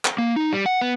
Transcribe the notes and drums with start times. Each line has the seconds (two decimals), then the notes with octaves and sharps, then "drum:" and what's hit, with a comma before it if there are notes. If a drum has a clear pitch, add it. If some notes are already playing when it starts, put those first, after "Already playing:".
0.05 drum: clap
0.18 A#3
0.36 D#4
0.53 G3
0.66 F#5
0.81 B3